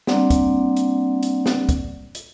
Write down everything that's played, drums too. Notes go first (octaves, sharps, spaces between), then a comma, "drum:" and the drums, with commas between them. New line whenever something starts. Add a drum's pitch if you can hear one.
G3 A#3 C4 D4 D5 F#5, drum: snare
drum: kick, hi-hat
drum: hi-hat
drum: hi-hat
drum: snare
drum: kick, hi-hat
drum: hi-hat